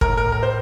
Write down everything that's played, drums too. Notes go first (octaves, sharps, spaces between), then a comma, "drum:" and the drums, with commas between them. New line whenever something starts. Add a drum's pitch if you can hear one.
A2 A#4, drum: kick
A#4
A#4
C5